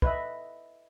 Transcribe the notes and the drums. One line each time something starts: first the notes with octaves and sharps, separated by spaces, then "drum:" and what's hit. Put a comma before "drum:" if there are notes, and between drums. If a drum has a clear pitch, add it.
B4 D#5 E5, drum: kick